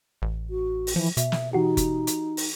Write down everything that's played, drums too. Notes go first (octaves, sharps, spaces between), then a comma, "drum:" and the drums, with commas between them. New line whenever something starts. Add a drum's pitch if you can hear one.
A1
F#4
drum: open hi-hat
E3 F3
B2 E5, drum: hi-hat
drum: snare
E3 D#4 F#4 G4
drum: kick F#1, hi-hat
drum: hi-hat
drum: open hi-hat